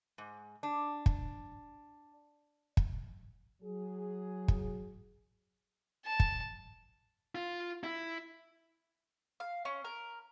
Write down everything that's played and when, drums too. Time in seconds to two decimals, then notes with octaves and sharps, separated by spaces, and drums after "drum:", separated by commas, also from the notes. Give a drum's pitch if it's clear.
0.18 G#2
0.63 D4
1.06 drum: kick
2.77 drum: kick
3.62 F#3 G#4
4.48 drum: kick
6.05 A5
6.20 drum: kick
7.35 F4
7.83 E4
9.40 F5
9.65 C#4
9.84 A#4